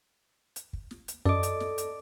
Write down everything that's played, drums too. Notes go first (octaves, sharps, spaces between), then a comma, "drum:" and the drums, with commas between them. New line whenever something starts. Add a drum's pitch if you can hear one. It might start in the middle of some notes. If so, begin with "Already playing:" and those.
drum: hi-hat
drum: kick
drum: snare
drum: hi-hat
F#2 A4 D5 D#5 D6, drum: snare
drum: hi-hat
drum: snare
drum: hi-hat